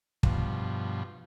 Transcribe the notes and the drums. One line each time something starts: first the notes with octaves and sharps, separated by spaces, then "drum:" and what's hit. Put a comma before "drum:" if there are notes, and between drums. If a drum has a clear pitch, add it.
G2 B2 F3, drum: kick